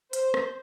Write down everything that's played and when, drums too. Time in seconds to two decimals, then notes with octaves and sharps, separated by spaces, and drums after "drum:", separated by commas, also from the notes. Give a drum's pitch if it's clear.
0.13 C5, drum: hi-hat
0.34 drum: rim click